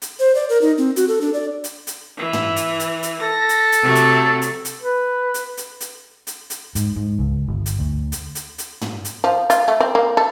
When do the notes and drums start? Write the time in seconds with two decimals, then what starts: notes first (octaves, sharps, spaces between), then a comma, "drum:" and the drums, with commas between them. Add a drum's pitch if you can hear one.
0.02 drum: hi-hat
0.19 C5
0.35 D5
0.49 A#4
0.61 D#4
0.78 C4
0.96 F#4, drum: hi-hat
1.08 A4
1.21 D4
1.34 D5
1.64 drum: hi-hat
1.87 drum: hi-hat
2.17 E3
2.33 drum: tom
2.56 drum: hi-hat
2.79 drum: hi-hat
3.03 drum: hi-hat
3.22 A4 A#6
3.49 drum: hi-hat
3.72 drum: hi-hat
3.84 C3 F#3 A3
3.95 drum: hi-hat
4.42 drum: hi-hat
4.65 drum: hi-hat
4.82 B4
5.34 drum: hi-hat
5.57 drum: hi-hat
5.80 drum: hi-hat
6.27 drum: hi-hat
6.50 drum: hi-hat
6.75 G#2, drum: hi-hat
6.96 G#2
7.19 C#2
7.48 G1
7.66 drum: hi-hat
7.79 D2
8.12 drum: hi-hat
8.35 drum: hi-hat
8.58 drum: hi-hat
8.81 drum: tom
9.05 drum: hi-hat
9.24 F3
9.50 F4, drum: hi-hat
9.68 A3
9.80 C4
9.95 A#3
10.17 A4